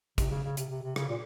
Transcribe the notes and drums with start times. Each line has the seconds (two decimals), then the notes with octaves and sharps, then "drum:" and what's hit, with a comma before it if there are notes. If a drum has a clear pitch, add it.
0.18 C3, drum: kick, hi-hat
0.30 C#3
0.44 C#3
0.57 C3, drum: hi-hat
0.69 C3
0.82 C3
0.96 C#3, drum: rim click
1.08 A#2